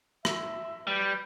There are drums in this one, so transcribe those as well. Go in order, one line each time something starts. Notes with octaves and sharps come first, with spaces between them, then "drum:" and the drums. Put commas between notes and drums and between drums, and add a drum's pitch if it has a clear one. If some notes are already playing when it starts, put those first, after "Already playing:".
E5, drum: rim click
G3 B4